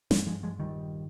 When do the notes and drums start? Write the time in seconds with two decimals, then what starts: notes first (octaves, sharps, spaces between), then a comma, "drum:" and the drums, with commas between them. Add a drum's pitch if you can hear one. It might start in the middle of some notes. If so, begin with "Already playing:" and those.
0.11 G2 F3 G#3, drum: snare
0.27 F3 G#3
0.43 F3 G#3
0.59 D#3 G3